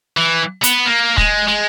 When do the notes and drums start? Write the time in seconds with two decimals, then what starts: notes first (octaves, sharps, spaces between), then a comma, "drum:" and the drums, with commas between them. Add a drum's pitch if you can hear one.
0.17 E3
0.64 B3, drum: hi-hat
0.86 A#3
1.18 G#3, drum: kick
1.48 G#3